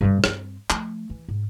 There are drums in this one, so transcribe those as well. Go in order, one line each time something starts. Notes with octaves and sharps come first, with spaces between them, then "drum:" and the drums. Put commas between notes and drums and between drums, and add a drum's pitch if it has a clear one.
G2 D3
G2 C4, drum: rim click
F3 A3, drum: clap
E3
G#2